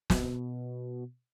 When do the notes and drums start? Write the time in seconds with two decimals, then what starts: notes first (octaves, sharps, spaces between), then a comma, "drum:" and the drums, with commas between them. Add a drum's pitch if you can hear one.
0.10 B2, drum: snare